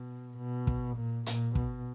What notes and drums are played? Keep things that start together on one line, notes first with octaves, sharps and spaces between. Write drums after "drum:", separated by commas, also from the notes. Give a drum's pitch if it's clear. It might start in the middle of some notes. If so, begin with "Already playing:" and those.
Already playing: B2
B2
drum: kick
A#2
A#2, drum: hi-hat
B2, drum: kick